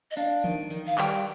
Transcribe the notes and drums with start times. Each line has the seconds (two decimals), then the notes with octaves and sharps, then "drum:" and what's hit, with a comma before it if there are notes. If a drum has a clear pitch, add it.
0.11 D#5
0.17 D4 F5
0.44 D#3, drum: tom E3
0.71 D#3
0.87 F5
0.98 G3 G5, drum: clap